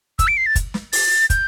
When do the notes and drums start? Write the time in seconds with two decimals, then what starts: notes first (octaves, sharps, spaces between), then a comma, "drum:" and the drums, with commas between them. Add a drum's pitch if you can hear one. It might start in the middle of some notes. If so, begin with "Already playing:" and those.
0.19 E6, drum: kick, hi-hat
0.28 D7
0.37 C7
0.46 A6
0.55 drum: kick, hi-hat
0.74 drum: snare
0.93 A6, drum: open hi-hat
1.30 G6, drum: kick, hi-hat